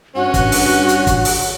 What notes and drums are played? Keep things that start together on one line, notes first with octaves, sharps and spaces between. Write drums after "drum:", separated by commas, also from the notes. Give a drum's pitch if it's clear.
G2 C#4 F#4 F#5
drum: kick, hi-hat
drum: open hi-hat
drum: hi-hat
drum: kick, hi-hat
drum: open hi-hat